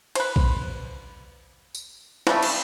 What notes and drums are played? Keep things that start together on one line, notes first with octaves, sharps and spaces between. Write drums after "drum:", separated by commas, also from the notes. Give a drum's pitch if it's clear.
B4 C5, drum: cymbal
drum: kick A#1
drum: tambourine
C#3 F3 G3 A3, drum: snare
drum: cymbal